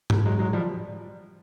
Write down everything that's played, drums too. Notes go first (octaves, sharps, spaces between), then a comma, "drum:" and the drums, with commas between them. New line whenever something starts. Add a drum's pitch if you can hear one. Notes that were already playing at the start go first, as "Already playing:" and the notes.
drum: tom G#2
F#3 G#3
F#3 G#3
F3 G3